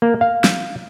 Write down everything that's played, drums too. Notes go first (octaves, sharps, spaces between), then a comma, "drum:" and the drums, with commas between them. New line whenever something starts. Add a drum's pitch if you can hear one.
A#3
F5
drum: snare